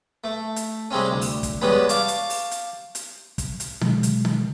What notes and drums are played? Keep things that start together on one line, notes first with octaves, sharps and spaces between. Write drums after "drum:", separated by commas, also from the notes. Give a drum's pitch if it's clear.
A3
drum: hi-hat
C3 G3 G#3 C4 C#4
D2
drum: open hi-hat
drum: kick, hi-hat
E2 G3 G#3 B3 C#4
F5 A5 C#6 D6, drum: hi-hat
drum: hi-hat
drum: open hi-hat
drum: hi-hat
drum: hi-hat
drum: kick, hi-hat
drum: hi-hat
B2 F#3 G#3, drum: tom D3
drum: hi-hat
drum: tom D3